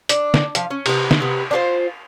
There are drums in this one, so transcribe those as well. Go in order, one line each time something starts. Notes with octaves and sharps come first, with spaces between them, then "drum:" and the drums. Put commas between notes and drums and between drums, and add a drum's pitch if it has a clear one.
D4, drum: hi-hat
drum: snare
F3 F5, drum: hi-hat
C#4
C3 B3, drum: cymbal
drum: snare
C3 B3
D4 F4 C5